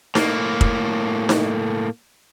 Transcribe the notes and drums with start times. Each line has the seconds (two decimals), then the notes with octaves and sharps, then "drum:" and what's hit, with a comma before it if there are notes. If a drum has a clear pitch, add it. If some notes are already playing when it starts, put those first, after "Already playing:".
0.15 A2 A#3, drum: snare D#4
0.61 drum: kick
1.29 drum: snare D#4